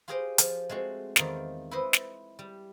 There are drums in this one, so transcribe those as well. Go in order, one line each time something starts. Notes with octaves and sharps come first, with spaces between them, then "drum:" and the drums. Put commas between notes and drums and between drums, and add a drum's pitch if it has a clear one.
F4 G4 G#4 C5 D#5 G5
F3, drum: hi-hat
G#3 A3 C4 F#4
E2 D#3 D#4 F4 C5 D5, drum: snare
E4 B4 C5 D#5
drum: snare
G3